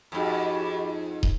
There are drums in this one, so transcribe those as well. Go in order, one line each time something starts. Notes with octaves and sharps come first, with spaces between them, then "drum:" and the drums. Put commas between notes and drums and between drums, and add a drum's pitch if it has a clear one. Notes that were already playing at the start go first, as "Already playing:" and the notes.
F2 G#2 F#4 G4 B5
drum: kick